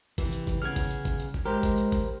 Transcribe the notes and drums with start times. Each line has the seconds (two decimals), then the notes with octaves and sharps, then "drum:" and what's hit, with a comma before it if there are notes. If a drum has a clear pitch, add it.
0.18 C3 E3, drum: kick G1, hi-hat
0.33 drum: hi-hat
0.47 drum: kick G1, hi-hat
0.62 C#3 B3 F6 G#6
0.76 drum: kick G1, hi-hat
0.91 drum: hi-hat
1.05 drum: kick G1, hi-hat
1.20 drum: hi-hat
1.34 drum: kick G1
1.45 G#3 G4 A#4 C5
1.63 drum: kick G1, hi-hat
1.78 drum: hi-hat
1.92 drum: kick G1, hi-hat